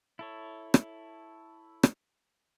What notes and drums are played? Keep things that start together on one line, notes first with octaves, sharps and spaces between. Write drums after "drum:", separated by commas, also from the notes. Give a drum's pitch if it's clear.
E4 A4 C#5
drum: rim click
drum: rim click